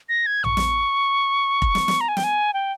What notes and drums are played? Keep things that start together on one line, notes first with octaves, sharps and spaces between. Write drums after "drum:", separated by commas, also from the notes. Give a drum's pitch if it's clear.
A#6
G#6
C#6, drum: tom A#1
drum: snare
drum: kick F1
drum: snare
drum: snare
A#5
G#5
G5, drum: snare
G#5
G5